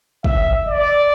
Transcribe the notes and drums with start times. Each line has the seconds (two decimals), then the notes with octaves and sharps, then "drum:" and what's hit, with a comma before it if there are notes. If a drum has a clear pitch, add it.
0.24 E5, drum: kick
0.67 D5